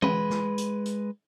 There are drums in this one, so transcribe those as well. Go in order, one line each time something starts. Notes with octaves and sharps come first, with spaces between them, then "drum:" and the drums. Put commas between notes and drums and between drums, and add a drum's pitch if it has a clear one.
G#3 B4, drum: tom E3
drum: snare
drum: hi-hat
drum: hi-hat